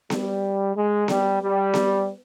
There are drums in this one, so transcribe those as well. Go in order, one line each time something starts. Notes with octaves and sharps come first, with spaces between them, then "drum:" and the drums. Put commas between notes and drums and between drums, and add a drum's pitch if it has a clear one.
G3, drum: snare B3
G#3
G3, drum: snare B3
G3
drum: snare B3